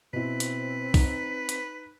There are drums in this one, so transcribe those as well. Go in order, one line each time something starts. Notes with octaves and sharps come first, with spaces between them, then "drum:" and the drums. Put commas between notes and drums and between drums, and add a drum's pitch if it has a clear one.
B2 C4 E4 B4
drum: hi-hat
D#4, drum: kick B1, open hi-hat
drum: hi-hat